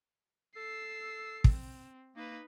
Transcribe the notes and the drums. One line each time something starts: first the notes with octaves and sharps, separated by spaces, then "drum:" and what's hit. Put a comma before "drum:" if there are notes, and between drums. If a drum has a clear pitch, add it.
A4 E6 C7
C4, drum: kick
A#3 D#4 B4